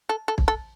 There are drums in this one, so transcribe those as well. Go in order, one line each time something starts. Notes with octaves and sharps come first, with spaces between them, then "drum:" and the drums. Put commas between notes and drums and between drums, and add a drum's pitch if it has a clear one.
A4
A4
drum: kick
A4